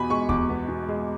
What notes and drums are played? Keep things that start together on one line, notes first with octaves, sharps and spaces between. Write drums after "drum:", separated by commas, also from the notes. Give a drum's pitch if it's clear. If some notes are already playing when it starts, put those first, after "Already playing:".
Already playing: E2 B2 B3 G#5 B5
G#3 C#6
E2 D6, drum: kick D2
B3
B2
G#3